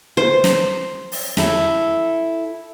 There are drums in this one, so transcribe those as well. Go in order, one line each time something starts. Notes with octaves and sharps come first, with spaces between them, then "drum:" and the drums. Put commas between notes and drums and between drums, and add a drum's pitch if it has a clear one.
C5
drum: snare
drum: open hi-hat
E4 A4, drum: snare